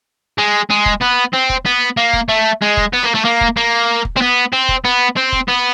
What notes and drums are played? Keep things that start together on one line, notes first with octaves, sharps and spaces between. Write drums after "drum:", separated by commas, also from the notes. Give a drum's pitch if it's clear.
G#3
G#3
drum: kick
B3
C4
drum: kick
B3
A#3
drum: kick
A3
G#3
drum: kick
B3
A#3
A3
A#3
drum: kick
A#3
drum: kick
C4
B3
C4
drum: kick
B3
C4
drum: kick
B3